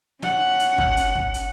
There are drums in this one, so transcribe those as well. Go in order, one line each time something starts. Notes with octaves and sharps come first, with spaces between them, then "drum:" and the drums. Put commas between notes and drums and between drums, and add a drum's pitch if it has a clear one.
C#4 F#5, drum: snare
drum: hi-hat
drum: kick
drum: hi-hat
drum: kick
drum: hi-hat